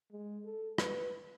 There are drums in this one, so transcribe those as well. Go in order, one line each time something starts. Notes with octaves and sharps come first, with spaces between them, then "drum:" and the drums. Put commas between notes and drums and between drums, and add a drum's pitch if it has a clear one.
G#3
A4
B4, drum: rim click